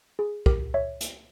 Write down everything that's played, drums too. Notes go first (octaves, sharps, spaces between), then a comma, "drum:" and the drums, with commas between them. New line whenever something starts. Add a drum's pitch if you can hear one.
G#4
G4 A#4, drum: kick
C#5 E5
drum: hi-hat